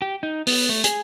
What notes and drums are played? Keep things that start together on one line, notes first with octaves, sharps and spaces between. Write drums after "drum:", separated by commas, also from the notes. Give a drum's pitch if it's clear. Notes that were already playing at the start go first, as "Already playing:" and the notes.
G4
D#4
B3, drum: open hi-hat
A3
G#4, drum: hi-hat